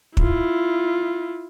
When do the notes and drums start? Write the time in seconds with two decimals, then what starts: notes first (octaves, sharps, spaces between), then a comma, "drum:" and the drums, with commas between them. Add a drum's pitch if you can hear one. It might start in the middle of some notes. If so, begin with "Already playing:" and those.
0.17 E4 F4, drum: kick